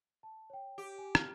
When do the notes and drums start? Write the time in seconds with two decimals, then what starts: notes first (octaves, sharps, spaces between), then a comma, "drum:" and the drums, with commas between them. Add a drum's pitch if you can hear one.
0.23 A5
0.50 C#5 G5
0.78 G4
0.98 G#5
1.15 F6, drum: rim click